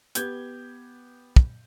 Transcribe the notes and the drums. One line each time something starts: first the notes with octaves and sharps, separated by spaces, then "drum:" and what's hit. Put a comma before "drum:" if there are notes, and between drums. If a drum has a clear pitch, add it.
B3 G4 G6 G#6, drum: hi-hat
drum: kick